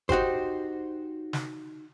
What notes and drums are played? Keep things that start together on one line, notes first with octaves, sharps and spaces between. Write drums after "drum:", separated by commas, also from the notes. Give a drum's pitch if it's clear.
D#4 F#4 G4 C5, drum: kick G1
drum: snare